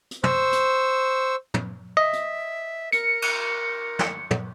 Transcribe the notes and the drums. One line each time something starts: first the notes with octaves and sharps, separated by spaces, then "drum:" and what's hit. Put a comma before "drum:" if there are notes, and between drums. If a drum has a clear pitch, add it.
drum: hi-hat
C5 C#6 E6, drum: tom
drum: hi-hat
drum: tom
D#5 E5
drum: hi-hat
A#4 C#7, drum: hi-hat
drum: cymbal
drum: snare
drum: tom